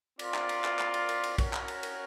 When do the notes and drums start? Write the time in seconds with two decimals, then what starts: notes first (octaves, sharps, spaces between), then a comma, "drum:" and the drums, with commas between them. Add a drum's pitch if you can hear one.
0.19 C4 F4 A#4 D5, drum: cymbal
0.34 drum: clap
0.49 drum: cymbal
0.64 drum: clap
0.79 drum: clap
0.94 drum: cymbal
1.09 drum: cymbal
1.24 drum: cymbal
1.38 C#4 F#4 A#4 C#5, drum: kick, cymbal
1.53 drum: clap
1.68 drum: cymbal
1.83 drum: cymbal